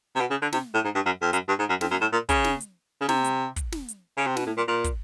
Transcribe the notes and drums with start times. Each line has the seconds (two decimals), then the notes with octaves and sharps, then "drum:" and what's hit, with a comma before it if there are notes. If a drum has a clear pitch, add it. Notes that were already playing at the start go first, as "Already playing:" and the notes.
0.16 C3
0.20 B2
0.30 C#3
0.42 D3
0.53 C3, drum: snare
0.74 A2
0.84 G#2
0.95 G2
1.06 F#2
1.22 F2
1.33 F#2, drum: hi-hat
1.48 G2
1.59 G#2
1.69 F#2
1.81 F2, drum: snare
1.91 F#2
2.01 A2
2.12 A#2
2.29 C#3, drum: kick, hi-hat
2.44 drum: snare
2.60 drum: hi-hat
3.01 C#3
3.09 C3, drum: snare
3.24 drum: hi-hat
3.56 drum: kick, hi-hat
3.72 drum: snare
3.88 drum: hi-hat
4.17 C#3
4.27 C3
4.37 B2, drum: snare
4.47 A2
4.57 A#2
4.68 A#2
4.84 drum: kick, hi-hat